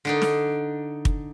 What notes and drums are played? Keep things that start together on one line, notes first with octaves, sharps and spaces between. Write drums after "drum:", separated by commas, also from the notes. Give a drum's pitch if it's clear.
D3 D4 D#4
drum: snare
drum: kick